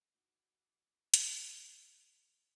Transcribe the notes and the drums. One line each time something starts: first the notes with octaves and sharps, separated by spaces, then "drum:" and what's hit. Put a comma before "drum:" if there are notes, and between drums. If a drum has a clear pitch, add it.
D#4 E4 F#4 D6
drum: hi-hat
F4 F#4 A4